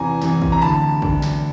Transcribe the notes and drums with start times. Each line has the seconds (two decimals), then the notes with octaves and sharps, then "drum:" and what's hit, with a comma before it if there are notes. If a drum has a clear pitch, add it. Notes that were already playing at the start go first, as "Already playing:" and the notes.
Already playing: E2 C3 E3 G#5 A#5
0.22 E2 C3 E3, drum: snare
0.42 drum: kick A1
0.52 A#5
0.61 D2 D3 A5 B5
1.02 D2 D3, drum: kick A1
1.22 drum: snare